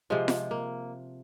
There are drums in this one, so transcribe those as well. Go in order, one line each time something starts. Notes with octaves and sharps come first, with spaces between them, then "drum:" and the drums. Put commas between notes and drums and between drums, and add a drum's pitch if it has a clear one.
C3 F3 G#3
drum: snare F4
A#3